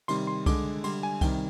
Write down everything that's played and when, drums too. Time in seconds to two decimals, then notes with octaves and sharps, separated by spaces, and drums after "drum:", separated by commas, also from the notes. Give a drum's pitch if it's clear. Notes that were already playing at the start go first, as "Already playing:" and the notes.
0.08 C3 D#3 G3 C6, drum: cymbal
0.27 C6
0.46 D3 G#3 D6, drum: kick C2, cymbal
0.84 D3 G3 C6, drum: cymbal
1.03 G#5
1.21 C3 D#3 G3 G5, drum: kick C2, cymbal